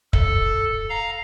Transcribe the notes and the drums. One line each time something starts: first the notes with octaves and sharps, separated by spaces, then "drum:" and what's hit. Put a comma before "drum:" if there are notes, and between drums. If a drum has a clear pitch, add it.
A4, drum: kick
F5 A#5